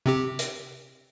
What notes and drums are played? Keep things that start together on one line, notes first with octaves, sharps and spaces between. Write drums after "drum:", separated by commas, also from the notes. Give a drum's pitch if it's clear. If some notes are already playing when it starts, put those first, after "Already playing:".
C3 C4 G4
drum: hi-hat